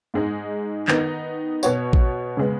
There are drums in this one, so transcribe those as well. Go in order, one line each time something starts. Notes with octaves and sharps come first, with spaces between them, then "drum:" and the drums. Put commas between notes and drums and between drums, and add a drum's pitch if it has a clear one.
G#2 G#3 D#4
D#3 B3 D#4, drum: clap
B2 B3 F#4 C#5, drum: tambourine
drum: kick A1
C#3 G#3 B3